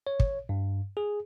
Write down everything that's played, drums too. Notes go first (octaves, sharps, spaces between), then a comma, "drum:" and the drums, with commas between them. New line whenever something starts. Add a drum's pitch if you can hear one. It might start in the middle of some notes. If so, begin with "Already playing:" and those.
C#5
drum: kick
G2
G#4